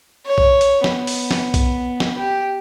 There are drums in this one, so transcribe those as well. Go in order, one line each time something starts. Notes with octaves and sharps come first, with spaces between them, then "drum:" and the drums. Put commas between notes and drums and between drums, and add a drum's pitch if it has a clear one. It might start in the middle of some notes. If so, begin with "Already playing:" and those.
C#5
drum: kick B1
drum: hi-hat
B3, drum: snare
drum: open hi-hat
drum: snare
drum: kick B1, hi-hat
drum: snare
G4